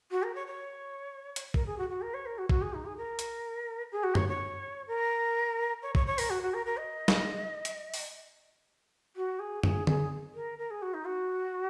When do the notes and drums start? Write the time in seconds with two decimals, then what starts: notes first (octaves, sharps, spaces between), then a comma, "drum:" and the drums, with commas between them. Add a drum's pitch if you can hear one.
0.11 F#4
0.23 A#4
0.35 C#5
0.47 C#5
1.36 drum: hi-hat
1.54 A#4, drum: kick A#1
1.66 G#4
1.78 F#4
1.89 F#4
2.02 A#4
2.14 C#5
2.26 A#4
2.38 F#4
2.49 F#4, drum: kick A#1
2.61 G#4
2.73 D#4
2.85 G#4
2.97 A#4
3.19 drum: hi-hat
3.92 G#4
4.03 F#4
4.15 C#5, drum: tom F#2
4.28 C#5
4.87 A#4
5.82 C#5
5.95 C#5, drum: kick A#1
6.07 C#5
6.18 A#4, drum: open hi-hat
6.30 F#4
6.42 F#4
6.54 A#4
6.66 A#4
6.77 D#5
7.08 drum: snare
7.65 drum: hi-hat
7.94 drum: open hi-hat
9.16 F#4
9.39 G#4
9.63 G#4, drum: tom F#2
9.87 G#4, drum: tom D3
10.35 A#4
10.58 A#4
10.70 G#4
10.82 F#4
10.94 D#4
11.06 F#4